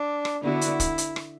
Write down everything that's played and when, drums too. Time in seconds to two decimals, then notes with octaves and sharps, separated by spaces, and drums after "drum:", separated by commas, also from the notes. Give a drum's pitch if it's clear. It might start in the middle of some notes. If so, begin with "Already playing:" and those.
Already playing: D4
0.25 drum: rim click
0.43 D3 B3 D4 E4 F#4
0.61 drum: hi-hat
0.80 drum: kick, hi-hat
0.98 drum: hi-hat
1.16 drum: rim click